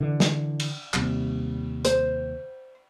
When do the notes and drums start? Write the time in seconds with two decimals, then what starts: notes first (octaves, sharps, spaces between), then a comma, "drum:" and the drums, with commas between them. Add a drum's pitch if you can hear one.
0.01 D3 E3
0.20 drum: snare
0.60 drum: cymbal
0.94 D#2 C3 G3, drum: clap
1.85 C5, drum: hi-hat